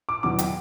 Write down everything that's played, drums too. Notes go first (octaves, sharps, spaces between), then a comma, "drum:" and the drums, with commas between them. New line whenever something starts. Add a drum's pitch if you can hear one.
D6
E2 B2 F#3 D6
G5, drum: hi-hat